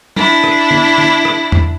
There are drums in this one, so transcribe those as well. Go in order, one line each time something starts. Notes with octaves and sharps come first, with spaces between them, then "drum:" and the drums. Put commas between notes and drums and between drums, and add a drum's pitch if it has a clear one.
D4 E4, drum: tom
drum: rim click
drum: tom
drum: tom
drum: rim click
drum: tom E2